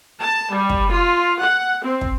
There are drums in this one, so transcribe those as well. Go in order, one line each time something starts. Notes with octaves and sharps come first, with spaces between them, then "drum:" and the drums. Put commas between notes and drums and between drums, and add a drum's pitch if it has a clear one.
A5
G3
drum: kick
F4
F#5
C4
drum: kick